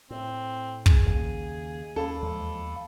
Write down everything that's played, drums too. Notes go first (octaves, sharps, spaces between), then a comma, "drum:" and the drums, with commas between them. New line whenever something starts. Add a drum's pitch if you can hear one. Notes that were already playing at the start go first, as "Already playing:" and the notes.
A2 C4
G#4, drum: kick
D#2 C#3
D#2 C#4 A4 F5 B5
E2 F3 G#3